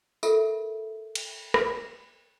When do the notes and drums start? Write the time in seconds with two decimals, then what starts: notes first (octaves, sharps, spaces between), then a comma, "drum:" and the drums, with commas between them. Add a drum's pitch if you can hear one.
0.23 F4 A4 A#4 E5, drum: tambourine
1.15 drum: cymbal
1.54 drum: rim click